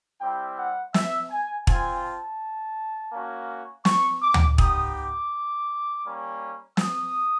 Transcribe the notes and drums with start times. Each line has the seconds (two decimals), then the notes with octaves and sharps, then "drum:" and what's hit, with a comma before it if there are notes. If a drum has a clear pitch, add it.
0.21 G3 C4 E4 G4 G5
0.57 F#5
0.94 E5, drum: snare
1.31 G#5
1.67 C4 F4 G#5, drum: kick
2.03 A5
3.12 A#3 C#4 F#4
3.85 C#6, drum: snare
4.22 D6
4.34 drum: tom D2
4.58 B3 D#4 G4 D#6, drum: kick
4.94 D6
6.04 G3 A#3 C#4
6.77 D#6, drum: snare